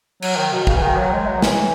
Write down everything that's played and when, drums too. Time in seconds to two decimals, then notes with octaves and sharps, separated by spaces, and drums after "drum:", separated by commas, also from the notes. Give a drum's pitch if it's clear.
0.22 F#3, drum: cymbal
0.37 D#3
0.53 B2
0.67 C#3, drum: kick
0.76 E3
0.83 D#3
0.97 F#3
1.13 G#3
1.27 F#3
1.42 E3, drum: snare